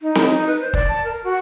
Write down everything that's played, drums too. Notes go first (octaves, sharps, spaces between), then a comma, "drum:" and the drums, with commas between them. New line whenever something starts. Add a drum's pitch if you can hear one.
D#4
drum: snare C4
D#4
B4
C5
D5, drum: kick
A5
A#4
F#4